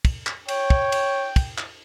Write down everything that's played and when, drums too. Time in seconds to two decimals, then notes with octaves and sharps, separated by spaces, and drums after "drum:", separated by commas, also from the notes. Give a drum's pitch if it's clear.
0.05 drum: kick, cymbal
0.27 drum: clap
0.48 C#5 G5, drum: cymbal
0.70 drum: kick
0.92 drum: cymbal
1.36 drum: kick, cymbal
1.58 drum: clap